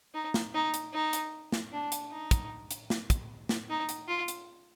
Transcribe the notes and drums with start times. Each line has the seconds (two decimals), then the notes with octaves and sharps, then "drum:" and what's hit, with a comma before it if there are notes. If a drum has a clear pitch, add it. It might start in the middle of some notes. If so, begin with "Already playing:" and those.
0.14 D#4
0.34 drum: snare
0.54 D#4
0.74 drum: hi-hat
0.93 D#4
1.13 drum: hi-hat
1.52 drum: snare
1.72 D4
1.92 drum: hi-hat
2.11 D#4
2.31 drum: kick, hi-hat
2.71 drum: hi-hat
2.90 drum: snare
3.10 drum: kick, hi-hat
3.49 drum: snare
3.70 D#4
3.89 drum: hi-hat
4.08 F4
4.28 drum: hi-hat